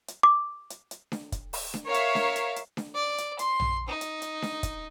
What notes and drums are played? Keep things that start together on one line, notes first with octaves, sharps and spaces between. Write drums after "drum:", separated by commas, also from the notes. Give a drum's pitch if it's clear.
drum: hi-hat
D6
drum: hi-hat
drum: hi-hat
drum: snare D4
drum: kick, hi-hat
drum: open hi-hat
drum: snare D4
A#4 C#5 E5 F5
drum: hi-hat
drum: snare D4
drum: hi-hat
drum: hi-hat
drum: snare D4
D5
drum: hi-hat
C6, drum: hi-hat
drum: tom A#1
D#4
drum: hi-hat
drum: hi-hat
drum: snare D4
drum: kick, hi-hat